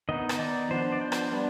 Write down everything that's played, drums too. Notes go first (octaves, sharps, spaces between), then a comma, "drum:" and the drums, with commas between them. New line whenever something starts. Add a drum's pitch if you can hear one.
D#3 B3 D#4 D#5
drum: rim click
D5
F3 B3 D4 C5
D5
C5
drum: rim click
G3 B3 D4